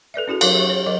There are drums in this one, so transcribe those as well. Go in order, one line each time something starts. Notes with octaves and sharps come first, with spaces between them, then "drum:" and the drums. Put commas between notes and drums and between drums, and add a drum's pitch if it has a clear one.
A4 B4 D5 E5
C#4 E4 F#4 G#4 A4
F#3 D#4 A#4 C#5 F5, drum: cymbal
G4 E5 C#6
C#5
F#3 A#4 D#5